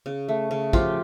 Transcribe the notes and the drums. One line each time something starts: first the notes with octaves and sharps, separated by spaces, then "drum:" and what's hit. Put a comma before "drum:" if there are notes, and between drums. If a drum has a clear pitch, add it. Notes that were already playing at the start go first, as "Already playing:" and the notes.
C#3
A3
C#3
F3 F4 G4, drum: kick